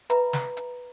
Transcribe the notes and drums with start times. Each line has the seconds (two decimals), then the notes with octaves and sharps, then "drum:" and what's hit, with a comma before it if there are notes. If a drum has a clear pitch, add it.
0.10 B4 E5 A#5 B5, drum: hi-hat
0.33 drum: snare
0.57 drum: hi-hat